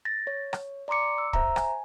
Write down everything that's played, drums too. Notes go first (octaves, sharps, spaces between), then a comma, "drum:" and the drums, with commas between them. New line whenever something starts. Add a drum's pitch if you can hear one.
A6 A#6
C#5
drum: rim click
D5 A#5 C6 D6 C#7
E6
C5 E5 A#5, drum: kick
G#5, drum: rim click